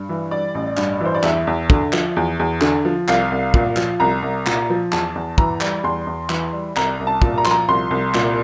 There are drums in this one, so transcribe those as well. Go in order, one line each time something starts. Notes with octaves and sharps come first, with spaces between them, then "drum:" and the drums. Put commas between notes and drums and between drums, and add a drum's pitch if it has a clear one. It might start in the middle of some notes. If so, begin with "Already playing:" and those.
Already playing: G2
E3
G3 D5
A1
G2, drum: clap
E3 C5
D5
E2 E5, drum: clap
E2
D3, drum: kick
F3, drum: clap
E2
E2
D3, drum: clap
F3
C2 F5, drum: clap
C2
A#2, drum: kick
F3, drum: clap
C2 A#5
C2
A#2, drum: clap
F3
E2 A5, drum: clap
E2
E3 A#5, drum: kick
G3, drum: clap
E2 C6
E2
E3, drum: clap
G3
C2 A#5, drum: clap
C2
A5
A#2, drum: kick
A#5
F3 C6, drum: clap
A#5
C2 C6
C2
A#2, drum: clap